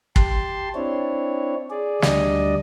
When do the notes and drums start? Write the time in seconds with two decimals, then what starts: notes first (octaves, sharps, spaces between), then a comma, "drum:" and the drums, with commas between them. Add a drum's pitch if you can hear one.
0.16 G4 A5 C6, drum: kick
0.75 C4 D4 E4 C#5
1.70 G#4 D5
2.02 D2 G3 D4 D5 D#5, drum: snare